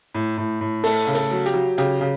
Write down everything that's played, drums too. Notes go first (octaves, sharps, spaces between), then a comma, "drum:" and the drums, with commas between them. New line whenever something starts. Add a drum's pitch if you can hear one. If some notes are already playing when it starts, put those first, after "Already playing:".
A2
A2
A2
A3 A4, drum: open hi-hat
C#3
A4, drum: hi-hat
F#3
G4, drum: hi-hat
F#3
C#3 G4, drum: hi-hat
C#3